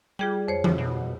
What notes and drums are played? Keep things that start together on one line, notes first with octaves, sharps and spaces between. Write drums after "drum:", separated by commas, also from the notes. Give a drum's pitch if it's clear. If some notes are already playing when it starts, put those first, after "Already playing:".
G3 F4 G#4 G5
F2 C5 C#5
F3, drum: tom E3
B2